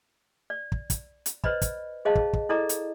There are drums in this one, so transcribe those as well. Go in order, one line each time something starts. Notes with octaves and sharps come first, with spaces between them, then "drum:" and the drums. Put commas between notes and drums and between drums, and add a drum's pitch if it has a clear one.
D5
drum: kick
drum: kick, hi-hat
drum: hi-hat
B4 C5 D5 D#5 B5, drum: kick
drum: kick, hi-hat
G#4 C5 C#5 D#5 F5 A5
drum: kick
drum: kick
E4 A4 D5 D#5 A#5 D6
drum: hi-hat